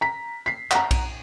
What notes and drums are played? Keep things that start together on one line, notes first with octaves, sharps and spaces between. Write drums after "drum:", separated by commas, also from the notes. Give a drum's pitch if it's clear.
A#5 B6
B6 C7
F#5 A#5, drum: clap
drum: kick B1, cymbal